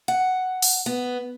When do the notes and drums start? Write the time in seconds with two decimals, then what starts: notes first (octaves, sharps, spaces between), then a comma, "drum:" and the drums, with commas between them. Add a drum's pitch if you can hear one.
0.08 F#5
0.62 drum: open hi-hat
0.86 B3